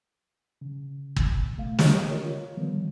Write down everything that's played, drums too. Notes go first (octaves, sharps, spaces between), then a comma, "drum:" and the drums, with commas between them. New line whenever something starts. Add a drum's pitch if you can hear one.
C#3
drum: kick G1
B2 A3 F5
G4 C#5 D#5, drum: snare
F4 A#4 C#5
D3 D#3 F3 G3 B3